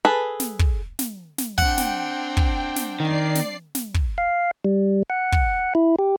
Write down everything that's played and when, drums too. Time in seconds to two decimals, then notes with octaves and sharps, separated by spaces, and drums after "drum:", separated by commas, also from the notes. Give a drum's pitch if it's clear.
0.05 G#4 A4 B4
0.40 drum: snare
0.59 drum: kick
0.99 drum: snare
1.38 drum: snare
1.58 C4 D4 F#5 G5, drum: kick
1.78 drum: snare
2.37 drum: kick
2.76 drum: snare
3.00 D#3 D5 C7
3.35 drum: snare
3.75 drum: snare
3.94 drum: kick
4.18 F5
4.65 G3
5.10 F#5
5.32 drum: kick
5.75 E4
5.99 G4